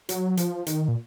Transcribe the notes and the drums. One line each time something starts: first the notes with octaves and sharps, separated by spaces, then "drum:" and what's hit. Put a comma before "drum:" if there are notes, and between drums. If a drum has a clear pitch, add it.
F#3, drum: hi-hat
F3, drum: hi-hat
D#3, drum: hi-hat
A#2